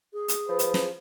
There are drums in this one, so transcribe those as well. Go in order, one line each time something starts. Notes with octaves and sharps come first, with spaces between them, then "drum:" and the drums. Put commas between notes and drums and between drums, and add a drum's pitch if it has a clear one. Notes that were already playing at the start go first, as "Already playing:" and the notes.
G#4
drum: hi-hat
F3 B4
drum: hi-hat
drum: snare